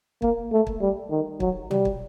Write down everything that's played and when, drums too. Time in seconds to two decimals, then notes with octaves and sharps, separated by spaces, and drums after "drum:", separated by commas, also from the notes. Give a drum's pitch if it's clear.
0.22 A#3, drum: kick
0.52 A3
0.67 drum: kick
0.81 G3
1.11 D#3
1.40 F#3, drum: kick
1.71 G3, drum: tom
1.85 drum: kick